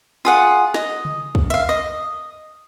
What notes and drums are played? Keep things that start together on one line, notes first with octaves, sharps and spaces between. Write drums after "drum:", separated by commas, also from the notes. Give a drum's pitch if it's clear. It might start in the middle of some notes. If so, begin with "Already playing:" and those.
F4 G#4 F#5
D#5, drum: snare
drum: tom C#3
drum: kick
E5 F5, drum: hi-hat
D#5